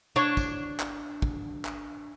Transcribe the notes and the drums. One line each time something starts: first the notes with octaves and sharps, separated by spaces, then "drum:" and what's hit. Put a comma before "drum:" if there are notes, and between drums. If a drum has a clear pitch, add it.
D4 C#5
drum: kick, tambourine
drum: clap
drum: kick
drum: clap